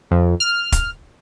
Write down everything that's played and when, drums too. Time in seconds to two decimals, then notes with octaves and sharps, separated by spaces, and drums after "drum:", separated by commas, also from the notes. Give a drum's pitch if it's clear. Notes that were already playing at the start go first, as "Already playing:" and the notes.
0.11 F2
0.40 F6
0.72 drum: kick, hi-hat